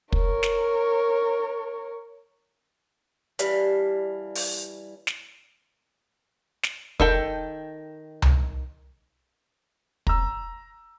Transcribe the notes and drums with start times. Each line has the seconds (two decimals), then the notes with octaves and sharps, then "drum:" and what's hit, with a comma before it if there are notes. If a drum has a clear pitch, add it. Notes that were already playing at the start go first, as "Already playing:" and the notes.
0.12 A#4 C#5, drum: kick
0.43 drum: snare
3.39 E3 G3 D4 F5, drum: hi-hat
4.35 drum: open hi-hat
5.07 drum: snare
6.63 drum: snare
7.00 D#3 A4 G5, drum: kick
8.22 drum: tom C2
10.07 A#5 E6, drum: kick